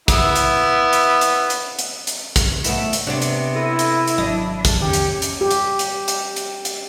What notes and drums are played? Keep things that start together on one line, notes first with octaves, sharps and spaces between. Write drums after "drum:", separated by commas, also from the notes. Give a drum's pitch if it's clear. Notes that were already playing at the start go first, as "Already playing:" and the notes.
B3 E4, drum: kick, hi-hat
drum: hi-hat
drum: hi-hat
drum: hi-hat
drum: hi-hat
drum: hi-hat
drum: hi-hat
drum: kick, hi-hat
A3 B3 E4, drum: hi-hat
drum: hi-hat
C3 B3 D4 C#5 D5
drum: hi-hat
E4 A4 A#6 D#7
drum: hi-hat
drum: hi-hat
G#1 F#3 D4 D#5
drum: kick, hi-hat
F2 D#3 C#4 G4
drum: hi-hat
drum: hi-hat
G4
drum: hi-hat
drum: hi-hat
drum: hi-hat
drum: hi-hat
drum: hi-hat